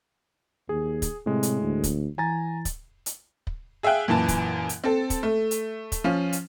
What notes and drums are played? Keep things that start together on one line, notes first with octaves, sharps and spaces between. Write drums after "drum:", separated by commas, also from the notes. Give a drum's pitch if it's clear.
D#2 G#4
drum: kick, hi-hat
A2 C3 G#3
drum: hi-hat
D2
drum: kick, hi-hat
E3 G#5 A#5 A6
drum: kick, hi-hat
drum: hi-hat
drum: kick
G#4 E5 F5 G5 F#6
F#2 A#2 E3 A5
drum: kick, hi-hat
drum: hi-hat
C4 A4
drum: kick, hi-hat
A3
drum: hi-hat
drum: kick, hi-hat
F3 C#4 F4
drum: hi-hat